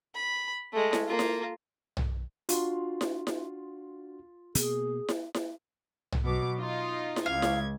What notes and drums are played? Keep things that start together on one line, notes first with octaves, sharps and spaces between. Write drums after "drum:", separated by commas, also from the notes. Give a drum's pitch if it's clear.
B5
G#3 A3
drum: snare E4
A#3 F4
drum: snare E4
drum: tom B1
D4 F4 F#4 C6, drum: hi-hat
drum: snare E4
drum: snare E4
B2 A#3 G#4, drum: hi-hat
drum: snare E4
drum: snare E4
drum: tom B1
B2 F#3 D6
D#4 F4 D#5
drum: snare E4
C#2 F5 G#6
drum: snare E4